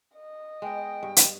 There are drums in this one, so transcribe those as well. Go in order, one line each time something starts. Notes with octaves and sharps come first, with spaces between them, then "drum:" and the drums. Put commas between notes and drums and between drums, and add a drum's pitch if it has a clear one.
D#5
G#3 B3 G5
G2
drum: hi-hat